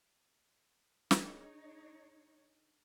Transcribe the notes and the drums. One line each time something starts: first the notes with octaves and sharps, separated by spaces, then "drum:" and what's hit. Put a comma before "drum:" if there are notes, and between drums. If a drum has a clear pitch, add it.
D4 D#4 G#4 C#5, drum: snare